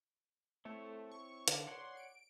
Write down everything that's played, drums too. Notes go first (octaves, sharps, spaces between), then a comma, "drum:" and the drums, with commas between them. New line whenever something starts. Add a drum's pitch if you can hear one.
A3 C4 E4 C#5
C#6
D3, drum: hi-hat
C#5 D5 F#5 C6
D7